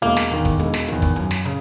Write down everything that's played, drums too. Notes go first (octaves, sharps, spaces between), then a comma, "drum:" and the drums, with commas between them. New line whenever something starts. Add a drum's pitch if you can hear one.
E1 A#3, drum: hi-hat
drum: snare
E2 D#3, drum: hi-hat
drum: kick, hi-hat
E1, drum: hi-hat
drum: snare
E2 D#3, drum: hi-hat
drum: kick, hi-hat
F#2, drum: hi-hat
drum: snare
C#3, drum: hi-hat